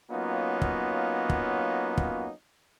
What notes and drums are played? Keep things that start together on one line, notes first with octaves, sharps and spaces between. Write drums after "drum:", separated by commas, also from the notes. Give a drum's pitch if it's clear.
F#3 A#3 B3 C#4 D#4 F4
drum: kick
drum: kick
drum: kick